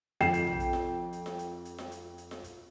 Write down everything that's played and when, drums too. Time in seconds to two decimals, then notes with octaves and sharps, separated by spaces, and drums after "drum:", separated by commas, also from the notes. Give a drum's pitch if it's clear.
0.21 F2 G5 C7 E7, drum: snare F4
0.34 drum: hi-hat
0.47 drum: tom A#1
0.60 drum: hi-hat
0.73 drum: snare F4
1.13 drum: hi-hat
1.26 drum: snare F4
1.39 drum: hi-hat
1.65 drum: hi-hat
1.78 drum: snare F4
1.92 drum: hi-hat
2.18 drum: hi-hat
2.31 drum: snare F4
2.44 drum: hi-hat